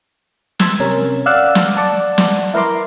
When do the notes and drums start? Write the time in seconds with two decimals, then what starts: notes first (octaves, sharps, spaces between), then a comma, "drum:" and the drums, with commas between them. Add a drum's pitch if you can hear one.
0.60 C6 E6 G#6 A6 B6, drum: snare
0.80 C3 C#4 A#4
1.26 D5 F5 F#5 E6 F#6
1.55 drum: snare
1.77 D5 F#5 A5
2.18 drum: snare
2.54 E4 A#4 B4 A#5 C6 D6